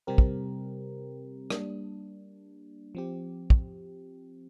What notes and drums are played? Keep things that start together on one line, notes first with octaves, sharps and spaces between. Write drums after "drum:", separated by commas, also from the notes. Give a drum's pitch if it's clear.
C3 G3 C4 G4 A#4
drum: kick
G3 A#3 D4, drum: rim click
F3 C4 G4
drum: kick